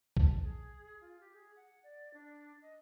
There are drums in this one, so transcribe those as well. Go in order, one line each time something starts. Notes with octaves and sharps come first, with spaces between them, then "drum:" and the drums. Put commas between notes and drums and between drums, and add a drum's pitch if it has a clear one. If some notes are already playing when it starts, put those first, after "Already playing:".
A5, drum: kick B1
G#4
F4
G4
G#4
F#5
D5
D4
D#5